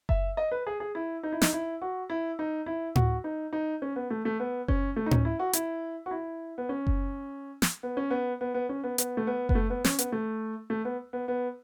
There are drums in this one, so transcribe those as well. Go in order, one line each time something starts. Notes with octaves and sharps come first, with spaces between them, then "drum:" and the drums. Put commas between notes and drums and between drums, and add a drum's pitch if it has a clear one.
E5, drum: kick F#1
D#5
B4
G#4
G#4
E4
D#4
E4
D#4, drum: snare
E4
F#4
E4
D#4
E4
F#4, drum: tom A2
D#4
D#4
C#4
B3
A3
A3
B3
C#4, drum: kick F#1
A3
D#4
C#4, drum: tom A2
E4
F#4
E4, drum: hi-hat
F#4
E4
B3
C#4
drum: kick F#1
drum: snare
B3
C#4
B3
B3
B3
C#4
B3
B3, drum: hi-hat
A3
B3
B3, drum: kick F#1
A3
B3
C#4, drum: snare
B3, drum: hi-hat
A3
A3
B3
B3
B3